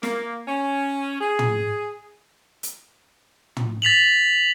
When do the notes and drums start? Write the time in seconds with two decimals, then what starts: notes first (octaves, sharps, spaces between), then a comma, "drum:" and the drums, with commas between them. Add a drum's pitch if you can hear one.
0.03 A#3, drum: snare
0.48 C#4
1.21 G#4
1.39 drum: tom
2.63 drum: hi-hat
3.57 drum: tom
3.82 A6 B6 F7 F#7